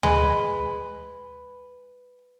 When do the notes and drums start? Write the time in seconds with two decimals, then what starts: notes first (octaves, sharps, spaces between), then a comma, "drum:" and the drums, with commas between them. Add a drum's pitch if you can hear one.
0.03 G#3 B4, drum: tom D2